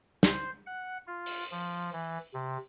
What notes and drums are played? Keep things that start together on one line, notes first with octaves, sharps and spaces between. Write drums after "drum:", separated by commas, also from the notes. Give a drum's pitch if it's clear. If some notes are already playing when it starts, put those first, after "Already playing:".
C5, drum: snare
F#5
F4
drum: open hi-hat
F3
E3
C3